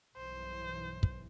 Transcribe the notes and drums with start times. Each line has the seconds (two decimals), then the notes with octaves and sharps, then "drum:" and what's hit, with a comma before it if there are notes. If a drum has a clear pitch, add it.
0.17 B1 G2 E3 C5
1.03 drum: kick